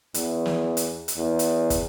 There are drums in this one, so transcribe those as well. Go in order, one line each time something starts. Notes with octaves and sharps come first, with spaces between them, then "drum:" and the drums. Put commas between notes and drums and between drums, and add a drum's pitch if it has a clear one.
E2, drum: hi-hat
drum: snare
drum: hi-hat
drum: hi-hat
E2
drum: hi-hat
drum: kick, hi-hat